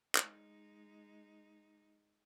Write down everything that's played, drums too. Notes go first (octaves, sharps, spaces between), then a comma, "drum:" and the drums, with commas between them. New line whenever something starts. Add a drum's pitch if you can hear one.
G#3 D#4, drum: clap